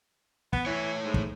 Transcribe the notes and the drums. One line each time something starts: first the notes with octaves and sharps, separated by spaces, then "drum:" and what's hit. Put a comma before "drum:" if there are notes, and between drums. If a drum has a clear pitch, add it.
B3, drum: kick
E3 A3 C#5
G#2
drum: kick